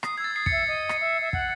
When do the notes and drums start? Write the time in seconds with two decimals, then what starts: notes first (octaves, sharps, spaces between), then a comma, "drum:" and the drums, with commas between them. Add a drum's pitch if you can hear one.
0.03 D#6 C7, drum: rim click
0.18 E6 G#6
0.24 A6
0.35 D#6 C7
0.46 A6 C#7, drum: kick
0.52 E5
0.68 D#5
0.89 drum: rim click
1.01 E5
1.22 E5
1.33 F#5, drum: kick